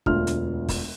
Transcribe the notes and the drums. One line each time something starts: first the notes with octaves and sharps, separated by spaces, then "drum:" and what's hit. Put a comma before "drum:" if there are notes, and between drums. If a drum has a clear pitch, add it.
E1 D2 F4 F6, drum: kick
drum: hi-hat
drum: kick, open hi-hat